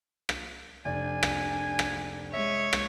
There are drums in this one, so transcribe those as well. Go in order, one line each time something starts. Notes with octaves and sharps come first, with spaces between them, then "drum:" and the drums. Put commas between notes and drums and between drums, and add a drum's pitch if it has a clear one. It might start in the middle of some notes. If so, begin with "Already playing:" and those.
drum: rim click
F1 D4 D5 G#5
drum: rim click
drum: rim click
G#3 C#5 E5
drum: rim click